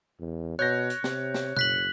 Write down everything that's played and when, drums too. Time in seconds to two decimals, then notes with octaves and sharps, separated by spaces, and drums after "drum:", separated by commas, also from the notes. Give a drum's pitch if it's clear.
0.20 E2
0.59 B2 C#5 F#6 G6 A#6
0.90 drum: hi-hat
1.04 C3, drum: snare
1.34 drum: snare
1.57 F#1 F#6 B6 F#7, drum: tom B2